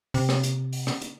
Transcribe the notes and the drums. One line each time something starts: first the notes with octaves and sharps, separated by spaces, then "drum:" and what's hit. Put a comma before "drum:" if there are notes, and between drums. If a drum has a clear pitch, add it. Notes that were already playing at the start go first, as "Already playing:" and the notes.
C3, drum: open hi-hat
drum: rim click
drum: hi-hat
drum: open hi-hat
drum: rim click
drum: hi-hat